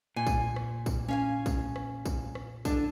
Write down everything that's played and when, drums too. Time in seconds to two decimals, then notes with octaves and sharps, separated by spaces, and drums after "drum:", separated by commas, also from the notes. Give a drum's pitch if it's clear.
0.16 A#2 G#5
0.27 drum: kick, tambourine
0.56 drum: rim click
0.86 drum: kick, tambourine
1.08 C#4 F5 G#5
1.46 drum: kick, tambourine
1.76 drum: rim click
2.05 drum: kick, tambourine
2.35 drum: rim click
2.65 D3 D4, drum: kick, tambourine